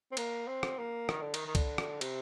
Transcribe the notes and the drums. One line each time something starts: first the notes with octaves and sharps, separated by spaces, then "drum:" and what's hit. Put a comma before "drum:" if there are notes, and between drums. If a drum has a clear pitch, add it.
C4
A#3, drum: cymbal
C4
drum: rim click
A#3
D#3, drum: rim click
D3
D#3, drum: cymbal
D#3
D3, drum: kick C#2, cymbal
drum: rim click
C3, drum: cymbal